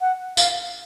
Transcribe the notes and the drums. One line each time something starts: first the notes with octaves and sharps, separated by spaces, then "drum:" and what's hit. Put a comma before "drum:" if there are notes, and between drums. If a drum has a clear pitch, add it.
F#5
F5, drum: tambourine